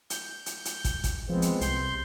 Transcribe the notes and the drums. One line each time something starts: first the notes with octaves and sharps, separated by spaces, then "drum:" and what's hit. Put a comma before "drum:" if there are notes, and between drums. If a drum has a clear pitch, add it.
G6, drum: hi-hat
drum: hi-hat
drum: hi-hat
drum: kick, hi-hat
drum: kick, hi-hat
F3 G#3 B3 C4
drum: hi-hat
C2 C6 G6, drum: hi-hat